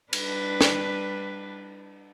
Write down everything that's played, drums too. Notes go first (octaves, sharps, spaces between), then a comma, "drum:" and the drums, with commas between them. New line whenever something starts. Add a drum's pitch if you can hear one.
G3 D4 B4, drum: cymbal
drum: snare